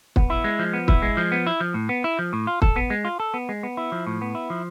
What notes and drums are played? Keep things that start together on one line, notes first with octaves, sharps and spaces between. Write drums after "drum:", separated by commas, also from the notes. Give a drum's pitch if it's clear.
B3, drum: kick
E4
G#3
F3
B3
E4, drum: kick
G#3
F3
B3
E4
F3
A2
B3
E4
F3
A2
F4
A4, drum: kick
B3
G#3
F4
A4
B3
G#3
B3
E4
F3
A2
B3
E4
F3